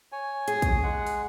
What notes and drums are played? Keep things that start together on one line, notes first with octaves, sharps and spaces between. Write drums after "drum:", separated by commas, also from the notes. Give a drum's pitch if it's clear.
C#5 G#5
G#4, drum: hi-hat
drum: kick, hi-hat
G#3 F#5
drum: open hi-hat